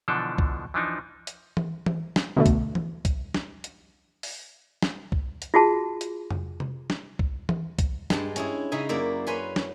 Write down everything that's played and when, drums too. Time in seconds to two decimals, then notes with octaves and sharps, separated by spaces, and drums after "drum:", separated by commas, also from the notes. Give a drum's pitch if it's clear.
0.08 B2 D3 E3 F3 D4 A4
0.38 drum: kick
0.74 E3 F3 D4 D#4
1.27 drum: hi-hat
1.57 drum: tom E3
1.86 drum: tom E3
2.16 drum: snare
2.37 B2 D3 A3
2.46 drum: kick, hi-hat
2.75 drum: tom E3
3.05 drum: kick, hi-hat
3.34 drum: snare
3.64 drum: hi-hat
4.23 drum: open hi-hat
4.82 drum: snare
5.12 drum: kick
5.42 drum: hi-hat
5.54 F4 F#4 G#4 A5
6.01 drum: hi-hat
6.31 drum: tom F2
6.60 drum: tom C3
6.90 drum: snare
7.19 drum: kick
7.49 drum: tom E3
7.79 drum: kick, hi-hat
8.10 G2 G#3 A5, drum: snare
8.36 C#4 E4 G#4, drum: hi-hat
8.72 C#3 D#4 E5 G#5
8.89 F#2 A#3 E4 D5 E5
9.27 C#4 B4 G#5 B5 C6
9.56 drum: snare